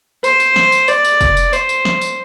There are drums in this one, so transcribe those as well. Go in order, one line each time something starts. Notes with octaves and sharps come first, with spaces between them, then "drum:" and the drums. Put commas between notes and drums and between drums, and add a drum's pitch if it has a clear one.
C5, drum: tambourine
drum: tambourine
drum: snare
drum: tambourine
D5, drum: tambourine
drum: tambourine
drum: kick, tambourine
drum: tambourine
C5, drum: tambourine
drum: tambourine
drum: snare
drum: tambourine